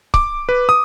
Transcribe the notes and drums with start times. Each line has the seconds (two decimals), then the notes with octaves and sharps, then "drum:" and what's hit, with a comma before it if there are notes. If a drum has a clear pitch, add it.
0.14 D6, drum: kick C#1
0.49 B4
0.69 D#6